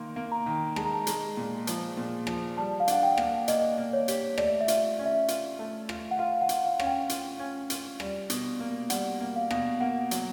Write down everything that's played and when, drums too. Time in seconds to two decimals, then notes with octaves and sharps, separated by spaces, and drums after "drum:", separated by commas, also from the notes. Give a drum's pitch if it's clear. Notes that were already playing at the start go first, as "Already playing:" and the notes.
Already playing: D#3 A#3 C6
0.16 A#3
0.32 A#5
0.46 D#3
0.76 G#3 A5, drum: rim click
0.85 A#5
0.94 A5
1.07 G#3, drum: hi-hat
1.37 A#2
1.67 F3, drum: hi-hat
1.97 A#2
2.27 F3, drum: rim click
2.57 G3 A5
2.80 F5
2.88 D4 F#5, drum: hi-hat
3.03 G5
3.18 A#3, drum: rim click
3.48 A#3 D#5, drum: hi-hat
3.78 A#3
3.93 C#5
4.08 G4, drum: hi-hat
4.38 A3 D5, drum: rim click
4.61 E5
4.68 F4, drum: hi-hat
4.99 C#4
5.06 E5
5.28 F4, drum: hi-hat
5.59 A3
5.89 F4, drum: rim click
6.11 F#5
6.19 F4 F5
6.41 F#5
6.49 F4, drum: hi-hat
6.65 F5
6.80 C#4, drum: rim click
6.86 G5
7.09 F4, drum: hi-hat
7.40 C#4
7.70 F4, drum: hi-hat
8.00 G3, drum: rim click
8.30 B2, drum: hi-hat
8.60 A#3
8.90 G3 F#5, drum: hi-hat
9.21 A#3
9.36 F5
9.51 B2, drum: rim click
9.81 A#3 F#5
10.11 F#3, drum: hi-hat